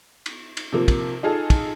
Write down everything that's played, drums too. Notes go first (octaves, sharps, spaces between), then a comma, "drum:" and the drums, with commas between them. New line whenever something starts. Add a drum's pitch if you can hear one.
drum: cymbal
drum: cymbal
C3 F3 A#3
drum: kick, cymbal
D#4 F4 G#4 A4
drum: kick, cymbal